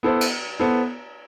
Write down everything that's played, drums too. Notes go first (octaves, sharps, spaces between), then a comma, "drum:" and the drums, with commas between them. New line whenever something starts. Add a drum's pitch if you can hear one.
B3 E4 A4 C5
drum: cymbal
B3 E4 A4 C5